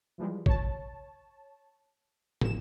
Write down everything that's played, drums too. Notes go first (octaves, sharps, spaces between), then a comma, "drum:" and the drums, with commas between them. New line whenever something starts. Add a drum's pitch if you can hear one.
E3 F3 G3 G#3
C#5 A5, drum: kick
A1 A2 E7, drum: tom